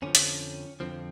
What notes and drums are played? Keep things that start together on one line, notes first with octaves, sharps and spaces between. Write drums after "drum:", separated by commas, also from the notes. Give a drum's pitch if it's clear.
F2 D3 F3 C#4
drum: hi-hat
F2 D3 F3 C4